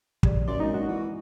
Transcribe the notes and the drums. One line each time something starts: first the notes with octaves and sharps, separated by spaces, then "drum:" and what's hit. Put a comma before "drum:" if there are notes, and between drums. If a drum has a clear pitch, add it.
G4 G#4 D5, drum: kick
F#2 D5 C6
G#3 A#3 C4 D#4
F#4
E3